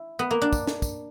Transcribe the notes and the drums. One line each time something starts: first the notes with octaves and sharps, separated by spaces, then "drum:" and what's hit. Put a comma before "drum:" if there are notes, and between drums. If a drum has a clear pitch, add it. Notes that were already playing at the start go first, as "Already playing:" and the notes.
Already playing: E4
B3
A#3
D4
drum: kick, tambourine
drum: snare
drum: kick, tambourine